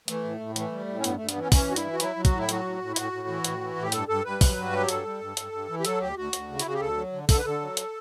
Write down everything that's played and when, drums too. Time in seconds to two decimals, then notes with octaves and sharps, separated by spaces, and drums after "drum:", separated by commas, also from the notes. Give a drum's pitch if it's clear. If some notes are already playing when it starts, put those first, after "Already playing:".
0.08 E3 A3, drum: hi-hat
0.24 A2
0.40 A2
0.56 E3 A3, drum: hi-hat
0.72 G3
0.88 A2
0.99 C#4
1.04 G2 B3, drum: hi-hat
1.16 G2 A3
1.29 B3, drum: hi-hat
1.36 E3 C#4
1.47 B3
1.52 E3 C#4, drum: kick, open hi-hat
1.68 G2 F#4
1.76 E4, drum: hi-hat
1.84 E3
1.93 F#4
2.00 F#3 E4, drum: hi-hat
2.16 F#3
2.25 F#4, drum: kick, hi-hat
2.32 A2
2.38 E4
2.49 F#3 F#4, drum: hi-hat
2.65 A2
2.81 A2
2.92 E4
2.96 A2 F#4, drum: hi-hat
3.12 A2
3.28 E3
3.44 A2, drum: hi-hat
3.61 E3
3.76 A2
3.82 G4
3.92 G2 A4, drum: hi-hat
4.08 G2 A4
4.25 G2 B4
4.41 F#3, drum: kick, open hi-hat
4.57 G2 F#4
4.73 F#3 G4
4.89 G2 A4, drum: hi-hat
5.05 G3
5.21 G2
5.37 G2, drum: hi-hat
5.52 G2
5.69 E3
5.80 G4
5.85 F#3 A4, drum: hi-hat
6.00 D2 G4
6.16 D2 F#4
6.33 D2, drum: hi-hat
6.48 C#3
6.59 E4, drum: hi-hat
6.65 C#3 F#4
6.74 G4
6.80 D2 A4
6.97 F#3
7.12 D3
7.29 D3 A4, drum: kick, open hi-hat
7.37 B4
7.45 D3 A4
7.61 F#3
7.77 drum: hi-hat